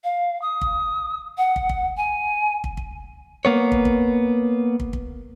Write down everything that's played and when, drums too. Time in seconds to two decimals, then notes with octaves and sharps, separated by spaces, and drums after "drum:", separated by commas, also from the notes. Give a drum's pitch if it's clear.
0.04 F5
0.42 D#6
0.61 drum: kick
1.38 F#5
1.56 drum: kick
1.69 drum: kick
1.97 G#5
2.64 drum: kick
2.77 drum: kick
3.45 A#3 B3 C#5
3.72 drum: kick
3.85 drum: kick
4.80 drum: kick
4.93 drum: kick